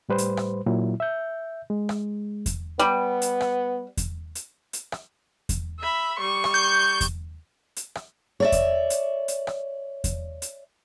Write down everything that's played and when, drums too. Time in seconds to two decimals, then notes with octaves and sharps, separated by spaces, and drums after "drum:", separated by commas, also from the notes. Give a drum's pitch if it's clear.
0.09 A2 G3 B4 C5
0.18 drum: hi-hat
0.37 drum: rim click
0.66 A#2 F#3 E4
1.00 E5 G6
1.70 G#3
1.89 drum: rim click
2.46 drum: kick E2, hi-hat
2.79 G3 B3
3.22 drum: hi-hat
3.41 drum: rim click
3.97 drum: kick E2, hi-hat
4.35 drum: hi-hat
4.73 drum: hi-hat
4.92 drum: rim click
5.49 drum: kick E2, hi-hat
5.80 E5 B5
6.19 G3 C#6
6.44 drum: rim click
6.54 G6
7.01 drum: kick E2, hi-hat
7.76 drum: hi-hat
7.95 drum: rim click
8.40 C#5 D5 E5
8.52 drum: kick E2, hi-hat
8.90 drum: hi-hat
9.28 drum: hi-hat
9.47 drum: rim click
10.04 drum: kick E2, hi-hat
10.42 drum: hi-hat